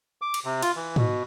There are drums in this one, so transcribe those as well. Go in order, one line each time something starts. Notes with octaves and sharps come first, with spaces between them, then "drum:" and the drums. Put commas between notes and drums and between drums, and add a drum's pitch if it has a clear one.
D6
drum: cymbal
C3
F4, drum: cymbal
E3
B2, drum: tom G#2